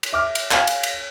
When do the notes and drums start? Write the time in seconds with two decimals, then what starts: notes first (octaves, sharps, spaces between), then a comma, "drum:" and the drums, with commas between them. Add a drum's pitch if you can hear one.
0.03 drum: cymbal
0.13 E5 D6 F6
0.35 drum: cymbal
0.51 F5 G#5 F6, drum: clap
0.67 drum: cymbal
0.83 drum: cymbal